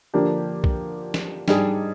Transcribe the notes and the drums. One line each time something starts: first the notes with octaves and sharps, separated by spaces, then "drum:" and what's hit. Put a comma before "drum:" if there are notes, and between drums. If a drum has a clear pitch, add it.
D3 F3 A#3 D4 G4
drum: kick B1
drum: snare
G#2 G3 D4 G#4, drum: snare